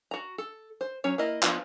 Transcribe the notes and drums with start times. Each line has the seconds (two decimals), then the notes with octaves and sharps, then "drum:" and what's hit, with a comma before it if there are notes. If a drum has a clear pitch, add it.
0.11 F#4 A#5
0.38 A4
0.81 C5
1.04 F#3 C#4 C#5
1.18 A#3 E4 A#4 D#5
1.43 F3 B3 D4 F4, drum: clap